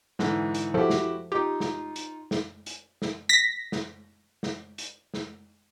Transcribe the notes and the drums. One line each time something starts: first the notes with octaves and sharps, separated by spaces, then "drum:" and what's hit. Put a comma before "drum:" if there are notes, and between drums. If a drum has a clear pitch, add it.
G#2 D3 E3, drum: snare
drum: hi-hat
F3 E4 F#4 G4 A4
drum: snare
D#4 F4 G4
drum: snare
drum: hi-hat
drum: snare
drum: hi-hat
drum: snare
A#6 B6
drum: snare
drum: snare
drum: hi-hat
drum: snare